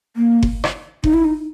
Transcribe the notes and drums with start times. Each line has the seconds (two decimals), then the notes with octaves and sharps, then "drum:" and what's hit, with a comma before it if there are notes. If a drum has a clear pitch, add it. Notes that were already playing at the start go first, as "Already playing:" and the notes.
0.16 A#3
0.43 drum: kick F#1
0.64 drum: rim click
1.04 D#4, drum: kick F#1
1.14 E4
1.24 D#4